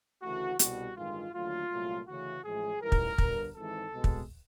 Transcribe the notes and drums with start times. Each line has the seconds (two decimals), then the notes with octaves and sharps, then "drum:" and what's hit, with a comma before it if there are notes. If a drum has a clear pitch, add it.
0.22 D2 C#3 E3 A3 F#4
0.59 C2 B2 G3 F#4, drum: hi-hat
0.96 A1 G2 D#3 G#3 F4
1.34 D#2 D3 F#3 A3 F4
1.70 C2 A#2 F#3 A3
2.07 D2 C#3 E3 F#4
2.44 A1 A2 F3 G#3 G#4
2.81 A1 G#2 E3 G3 A#4
2.92 drum: kick
3.18 G1 G2 D3 G3, drum: kick
3.55 G#1 G#2 E3 A4
3.92 C2 B2 G#3
4.04 drum: kick